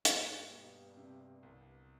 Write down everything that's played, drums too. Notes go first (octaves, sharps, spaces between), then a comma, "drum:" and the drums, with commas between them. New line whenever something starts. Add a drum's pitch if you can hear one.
G2 A#3, drum: hi-hat
B2
C3
C2